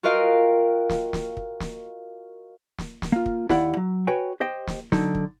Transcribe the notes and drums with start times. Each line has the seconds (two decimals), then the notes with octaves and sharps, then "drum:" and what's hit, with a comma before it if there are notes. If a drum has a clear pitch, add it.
0.03 F4 F#4 A#4 D#5 F5 G5
0.89 drum: snare
1.13 drum: snare
1.37 drum: kick
1.60 drum: snare
2.78 drum: snare
3.02 drum: snare
3.12 A#3 F4
3.26 drum: kick
3.49 D#2 E4 G4 D5 F#5, drum: snare
3.77 F#3
4.07 F#4 B4 C#5 G5 G#5
4.40 G4 C5 D#5 G5
4.67 drum: snare
4.92 D3 F#3 D#4, drum: snare
5.15 drum: kick